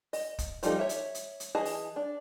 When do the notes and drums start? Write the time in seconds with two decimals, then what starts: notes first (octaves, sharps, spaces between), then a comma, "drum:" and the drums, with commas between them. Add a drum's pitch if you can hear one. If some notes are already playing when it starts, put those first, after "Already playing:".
0.13 D#5, drum: open hi-hat
0.38 drum: kick, hi-hat
0.63 F3 G3 A#3 D#4 A4, drum: hi-hat
0.79 C#5 E5
0.89 drum: hi-hat
1.15 drum: hi-hat
1.40 drum: hi-hat
1.55 E3 G#4 D#5 A5
1.65 drum: open hi-hat
1.96 D4